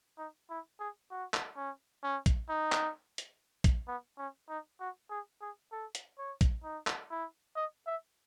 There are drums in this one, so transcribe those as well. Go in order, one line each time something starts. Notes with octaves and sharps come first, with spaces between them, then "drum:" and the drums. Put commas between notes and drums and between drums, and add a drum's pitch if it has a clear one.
D#4
E4
G#4
F#4
drum: clap
C#4
C#4
drum: kick A#1, hi-hat
D#4
drum: clap
drum: hi-hat
drum: kick A#1, hi-hat
B3
C#4
D#4
F#4
G#4
G#4
A4
drum: hi-hat
C#5
drum: kick A#1, hi-hat
D#4
drum: clap
E4
D#5
E5